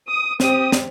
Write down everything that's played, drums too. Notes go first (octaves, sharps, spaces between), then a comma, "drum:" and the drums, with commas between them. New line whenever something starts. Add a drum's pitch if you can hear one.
D#6
C4 G4 D#6, drum: snare
drum: snare